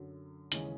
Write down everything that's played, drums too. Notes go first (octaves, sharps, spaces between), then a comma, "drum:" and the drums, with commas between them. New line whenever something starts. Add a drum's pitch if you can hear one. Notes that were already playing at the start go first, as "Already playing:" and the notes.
Already playing: F#2 D3 F#3
D#2 C#3 E3 G#3 C#4, drum: hi-hat